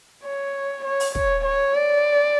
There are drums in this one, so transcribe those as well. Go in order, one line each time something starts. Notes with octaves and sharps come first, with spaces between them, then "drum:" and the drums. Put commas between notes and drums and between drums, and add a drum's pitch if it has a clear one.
C#5
C#5
drum: open hi-hat
C#5, drum: kick
C#5
D5